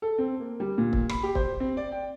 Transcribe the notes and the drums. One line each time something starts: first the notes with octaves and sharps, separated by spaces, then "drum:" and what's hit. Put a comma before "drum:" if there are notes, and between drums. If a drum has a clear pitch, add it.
A4
C4
A#3
G3
A#2
drum: kick
B5, drum: rim click
G4
C5, drum: kick
C4
D5
G5